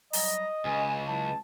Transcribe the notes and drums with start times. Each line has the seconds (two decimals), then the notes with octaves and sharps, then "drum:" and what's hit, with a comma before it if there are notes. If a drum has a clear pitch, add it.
0.13 F#3 G3 D#5 A#5, drum: open hi-hat
0.65 C#2 G#5
1.08 F#3 C#4 E4 A5